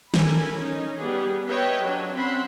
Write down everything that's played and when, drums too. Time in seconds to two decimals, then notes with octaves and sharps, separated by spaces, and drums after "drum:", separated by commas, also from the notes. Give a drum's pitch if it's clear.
0.14 A4 A#4 G#5 B5, drum: snare
0.55 C#4 D#4
0.98 G3 B3 G#4
1.47 B4 C#5 D#5 E5 G5
1.81 F#3 D4
2.14 C4 C#4 E5 F#5 B5 C6